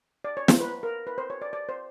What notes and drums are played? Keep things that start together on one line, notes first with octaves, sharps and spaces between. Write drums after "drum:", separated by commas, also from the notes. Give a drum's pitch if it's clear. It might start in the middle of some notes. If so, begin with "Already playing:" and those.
D5
C#5
C5, drum: snare
B4
A#4
B4
C5
C#5
D5
D5
C5